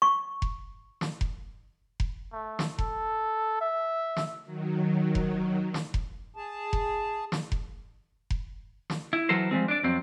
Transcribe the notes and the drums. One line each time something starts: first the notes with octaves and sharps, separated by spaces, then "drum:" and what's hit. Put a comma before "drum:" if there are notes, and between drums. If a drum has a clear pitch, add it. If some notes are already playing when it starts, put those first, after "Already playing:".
C#6
drum: kick F1
drum: snare
drum: kick F1
drum: kick F1
A3
drum: snare
A4, drum: kick F1
E5
drum: snare
D#3 F#3
drum: kick F1
drum: snare
drum: kick F1
G#4 A5
drum: kick F1
drum: snare
drum: kick F1
drum: kick F1
drum: snare
E4
E3 F#3 A4 A#4 C5
F3 G3 G#3 C4
D4 D5
F2 F#3 C4